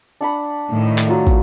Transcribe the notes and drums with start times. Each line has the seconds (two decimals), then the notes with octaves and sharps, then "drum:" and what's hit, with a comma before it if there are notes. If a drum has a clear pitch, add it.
0.21 D4 F#5 B5
0.70 A2 D#3
0.98 drum: clap
1.07 F#3 F4 F#5
1.27 drum: kick